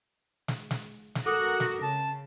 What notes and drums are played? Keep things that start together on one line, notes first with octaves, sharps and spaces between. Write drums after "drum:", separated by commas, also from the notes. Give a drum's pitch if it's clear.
drum: snare
drum: snare
drum: snare
F#4 A4 A#4 F#5 D6 D#6
drum: snare
C#3 A5